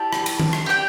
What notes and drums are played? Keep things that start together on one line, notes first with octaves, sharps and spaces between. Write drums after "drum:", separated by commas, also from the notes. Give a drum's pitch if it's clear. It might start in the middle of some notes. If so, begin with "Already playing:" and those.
Already playing: E4 G4 D5 A5
drum: rim click
drum: cymbal
drum: tom D#3
drum: rim click
G4 D5 G5